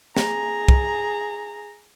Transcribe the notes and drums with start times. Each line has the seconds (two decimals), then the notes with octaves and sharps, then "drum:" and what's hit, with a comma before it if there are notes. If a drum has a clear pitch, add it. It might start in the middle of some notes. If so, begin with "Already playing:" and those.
0.17 G#4 A#5, drum: snare
0.68 drum: kick